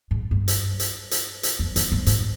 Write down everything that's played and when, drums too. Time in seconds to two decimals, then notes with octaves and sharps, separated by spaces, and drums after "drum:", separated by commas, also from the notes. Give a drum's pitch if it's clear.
0.11 G#2
0.31 G2
0.48 drum: hi-hat
0.79 drum: hi-hat
1.11 drum: hi-hat
1.43 drum: hi-hat
1.59 F2
1.76 F2, drum: hi-hat
1.92 G2
2.06 G#2, drum: hi-hat